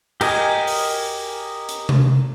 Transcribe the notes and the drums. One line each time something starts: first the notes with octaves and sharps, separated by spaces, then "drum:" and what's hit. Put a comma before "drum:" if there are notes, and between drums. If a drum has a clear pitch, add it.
G4 A#4 D#5 G#5, drum: cymbal
drum: open hi-hat
drum: hi-hat
drum: tom C3